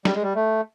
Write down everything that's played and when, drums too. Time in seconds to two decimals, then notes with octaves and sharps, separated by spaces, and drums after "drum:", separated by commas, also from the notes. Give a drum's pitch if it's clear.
0.05 G3, drum: snare
0.14 G#3
0.22 G3
0.35 A3